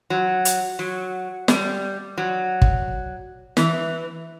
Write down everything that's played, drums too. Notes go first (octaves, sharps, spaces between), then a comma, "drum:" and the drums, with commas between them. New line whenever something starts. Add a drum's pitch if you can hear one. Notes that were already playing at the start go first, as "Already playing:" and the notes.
F#3
drum: hi-hat
F#3
G3, drum: snare
F#3
drum: kick
E3, drum: snare